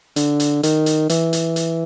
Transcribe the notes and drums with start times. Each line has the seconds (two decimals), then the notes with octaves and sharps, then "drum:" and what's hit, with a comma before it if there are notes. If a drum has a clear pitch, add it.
0.16 D3, drum: hi-hat
0.40 drum: hi-hat
0.63 D#3, drum: hi-hat
0.86 drum: hi-hat
1.09 E3, drum: hi-hat
1.33 drum: hi-hat
1.56 drum: hi-hat